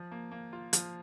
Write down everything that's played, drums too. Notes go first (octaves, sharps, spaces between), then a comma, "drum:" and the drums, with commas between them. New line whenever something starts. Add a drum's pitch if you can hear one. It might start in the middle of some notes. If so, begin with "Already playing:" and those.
Already playing: F3
A#3
A#3
F4
F3, drum: hi-hat